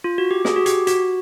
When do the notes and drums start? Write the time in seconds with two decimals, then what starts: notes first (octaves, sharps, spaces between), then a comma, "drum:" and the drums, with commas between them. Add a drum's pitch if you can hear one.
0.04 F4
0.18 F#4
0.31 G4
0.45 G#4, drum: snare
0.56 F#4
0.66 G4, drum: hi-hat
0.87 F#4, drum: hi-hat